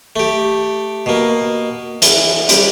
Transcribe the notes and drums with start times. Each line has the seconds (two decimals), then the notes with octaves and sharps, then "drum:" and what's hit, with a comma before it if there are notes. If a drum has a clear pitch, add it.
0.16 A3 G4
1.06 B2 A#3
2.02 E3, drum: hi-hat
2.49 G3 G4, drum: hi-hat